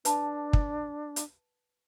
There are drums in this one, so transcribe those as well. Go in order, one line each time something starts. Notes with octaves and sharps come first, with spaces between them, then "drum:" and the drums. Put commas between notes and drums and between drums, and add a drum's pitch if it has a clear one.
D4 B4 A5 B5, drum: hi-hat
drum: kick
drum: hi-hat